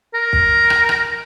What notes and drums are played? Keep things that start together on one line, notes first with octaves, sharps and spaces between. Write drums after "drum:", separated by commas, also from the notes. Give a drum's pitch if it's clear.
A#4
drum: kick
drum: rim click
drum: rim click